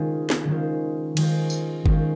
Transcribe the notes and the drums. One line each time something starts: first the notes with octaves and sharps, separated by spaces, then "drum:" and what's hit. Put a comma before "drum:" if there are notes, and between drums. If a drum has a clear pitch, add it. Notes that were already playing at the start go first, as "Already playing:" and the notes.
Already playing: D#3 G#3 C#4 F4 C5
drum: snare
D#3 G#3 C#4 F4 C5
D#3 G#3 C#4 F4 C5, drum: cymbal
drum: tambourine
D#3 G#3 C#4 F4 C5, drum: kick